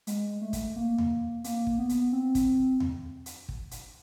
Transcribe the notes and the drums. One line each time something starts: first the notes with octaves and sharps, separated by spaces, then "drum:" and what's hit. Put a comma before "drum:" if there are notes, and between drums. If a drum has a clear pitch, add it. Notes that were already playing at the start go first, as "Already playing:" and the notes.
G#3, drum: hi-hat
A3
drum: kick, hi-hat
A#3
drum: tom D#2
A#3, drum: hi-hat
drum: kick
B3
drum: hi-hat
C4
drum: kick, hi-hat
drum: tom D#2
drum: hi-hat
drum: kick
drum: hi-hat